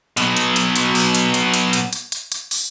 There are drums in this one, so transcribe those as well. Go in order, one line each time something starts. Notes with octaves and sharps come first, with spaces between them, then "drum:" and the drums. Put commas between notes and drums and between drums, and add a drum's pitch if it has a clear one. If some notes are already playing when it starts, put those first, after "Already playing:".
B2 F#3, drum: hi-hat
drum: hi-hat
drum: hi-hat
drum: hi-hat
drum: open hi-hat
drum: hi-hat
drum: hi-hat
drum: hi-hat
drum: hi-hat
drum: hi-hat
drum: hi-hat
drum: hi-hat
drum: open hi-hat